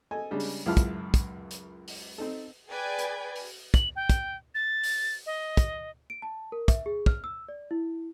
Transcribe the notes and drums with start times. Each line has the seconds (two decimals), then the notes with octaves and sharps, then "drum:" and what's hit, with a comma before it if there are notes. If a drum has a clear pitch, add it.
0.11 A4 D#5 G#5
0.31 C#3 G3 G#3 D4
0.40 drum: open hi-hat
0.66 C#2 F#2 E4 F4 A5 F6
0.77 drum: kick, hi-hat
1.14 drum: kick, hi-hat
1.51 drum: hi-hat
1.88 drum: open hi-hat
2.18 C4 D#4 A4
2.68 G#4 B4 D5 G5 G#5
2.99 drum: hi-hat
3.36 drum: open hi-hat
3.74 F#7, drum: kick, hi-hat
3.96 G5
4.09 drum: kick, hi-hat
4.55 A6
4.83 drum: open hi-hat
5.26 D#5
5.57 drum: kick, hi-hat
6.10 D7
6.22 A5
6.52 A#4
6.68 E5, drum: kick, hi-hat
6.86 G#4
7.06 F6, drum: kick
7.24 E6
7.49 D5
7.71 E4